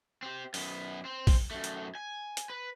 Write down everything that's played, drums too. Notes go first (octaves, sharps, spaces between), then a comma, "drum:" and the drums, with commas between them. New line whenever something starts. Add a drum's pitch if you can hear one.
C4 G4
F#2 B3, drum: open hi-hat
C4
drum: kick, open hi-hat
F#2 A3
drum: hi-hat
G#5
drum: hi-hat
B4